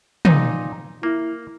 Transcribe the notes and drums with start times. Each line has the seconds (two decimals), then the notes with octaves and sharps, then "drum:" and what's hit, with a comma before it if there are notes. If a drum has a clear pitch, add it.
0.25 A#2 D#4, drum: tom
1.03 A#3 E4